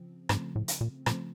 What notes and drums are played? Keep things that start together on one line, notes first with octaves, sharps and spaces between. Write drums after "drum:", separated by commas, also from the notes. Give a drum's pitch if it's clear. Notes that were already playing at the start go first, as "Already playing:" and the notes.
Already playing: C#3 F3 C4
G#2 C#3 F3 A3 C4, drum: rim click
A2
drum: hi-hat
A#2
A#2 C#3 F3 A3 C4, drum: rim click